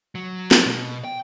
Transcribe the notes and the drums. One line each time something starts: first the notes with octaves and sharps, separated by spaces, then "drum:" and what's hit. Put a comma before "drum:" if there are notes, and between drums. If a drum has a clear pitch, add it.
F#3
drum: snare
B2
G5